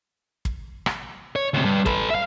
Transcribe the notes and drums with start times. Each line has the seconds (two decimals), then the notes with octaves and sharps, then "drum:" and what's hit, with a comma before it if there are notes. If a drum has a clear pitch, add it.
0.45 drum: kick
0.86 drum: rim click
1.36 C#5
1.54 D2 C3
1.65 G2
1.86 A4 B4, drum: kick
2.10 E5 F5